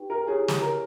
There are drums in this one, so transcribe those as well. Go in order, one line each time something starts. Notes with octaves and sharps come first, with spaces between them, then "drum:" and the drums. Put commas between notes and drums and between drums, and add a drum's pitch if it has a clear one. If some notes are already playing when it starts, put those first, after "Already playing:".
Already playing: D#4 G4 B4 G5
A#4
E4 G4 G#4 C#5 G#5
drum: snare
A#4